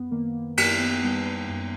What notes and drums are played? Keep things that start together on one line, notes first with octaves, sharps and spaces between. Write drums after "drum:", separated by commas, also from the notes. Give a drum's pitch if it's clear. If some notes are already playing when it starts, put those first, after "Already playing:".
Already playing: F#2 B3
D#3 A#3
F#2 A#3, drum: cymbal
B3
G3 B3
B3
F#2